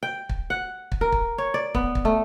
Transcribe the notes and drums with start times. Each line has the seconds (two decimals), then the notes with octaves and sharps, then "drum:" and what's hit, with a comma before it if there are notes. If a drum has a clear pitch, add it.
0.03 G5
0.29 drum: kick
0.50 F#5
0.92 drum: kick
1.01 A#4
1.12 drum: kick
1.38 C#5
1.54 D5
1.75 B3, drum: kick
1.95 drum: kick
2.05 A3